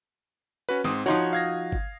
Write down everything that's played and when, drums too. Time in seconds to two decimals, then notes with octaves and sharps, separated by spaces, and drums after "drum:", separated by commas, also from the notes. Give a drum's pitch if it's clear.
0.69 C#4 F#4 B4
0.84 G#2 C4 D#6, drum: snare
1.06 F3 D#4 F#4 C#5 A#5 C6
1.33 F5 G#6 A#6
1.72 drum: kick G1